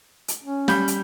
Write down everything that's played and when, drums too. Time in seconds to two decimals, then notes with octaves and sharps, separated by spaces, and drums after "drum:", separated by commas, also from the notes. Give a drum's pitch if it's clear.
0.28 drum: hi-hat
0.43 C#4
0.68 G3 B5 G6, drum: snare
0.88 drum: hi-hat